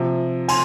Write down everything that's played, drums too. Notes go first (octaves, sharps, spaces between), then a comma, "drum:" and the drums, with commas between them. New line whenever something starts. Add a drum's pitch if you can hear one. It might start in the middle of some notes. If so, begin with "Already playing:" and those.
Already playing: C3 F3
G#5 C6, drum: cymbal